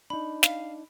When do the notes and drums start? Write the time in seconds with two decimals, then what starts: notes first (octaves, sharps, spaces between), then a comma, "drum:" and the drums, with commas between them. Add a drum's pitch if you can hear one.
0.10 D4 D#4 B5
0.43 F5, drum: snare